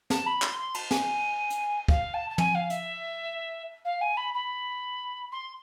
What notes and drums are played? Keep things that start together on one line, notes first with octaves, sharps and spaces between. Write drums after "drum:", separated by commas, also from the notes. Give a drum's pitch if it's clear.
A5, drum: snare
B5
C6, drum: clap
C6
A5, drum: cymbal
G#5, drum: snare
drum: hi-hat
F5, drum: kick
A5
A5
G#5, drum: tom
F5
E5, drum: hi-hat
F5
G#5
B5
B5
C6